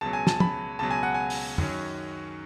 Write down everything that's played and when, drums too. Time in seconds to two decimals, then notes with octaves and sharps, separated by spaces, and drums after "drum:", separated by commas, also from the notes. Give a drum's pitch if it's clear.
0.01 C#2 B2 F#3 A5
0.13 G#5
0.27 A5, drum: snare
0.40 B5, drum: tom
0.79 C#2 B2 F#3 A5
0.91 G#5
1.03 F#5
1.14 G#5
1.30 drum: open hi-hat
1.58 F#2 D#3 F#3 C#4, drum: tom